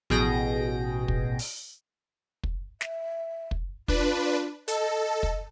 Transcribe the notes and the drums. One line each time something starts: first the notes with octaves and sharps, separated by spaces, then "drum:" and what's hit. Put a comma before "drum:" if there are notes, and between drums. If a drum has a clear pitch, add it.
A1 B2 G#4 G5 A#6 D7, drum: tom F3
drum: kick
drum: open hi-hat
drum: kick
E5, drum: snare
drum: kick
D4 F4 B4, drum: kick
A4 D#5, drum: hi-hat
drum: kick